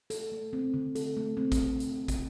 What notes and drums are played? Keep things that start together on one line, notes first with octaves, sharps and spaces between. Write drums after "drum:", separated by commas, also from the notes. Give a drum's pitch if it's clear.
A4, drum: hi-hat
A3
C4
D3
A4, drum: hi-hat
A3
C4
drum: kick, hi-hat
drum: hi-hat
drum: kick, hi-hat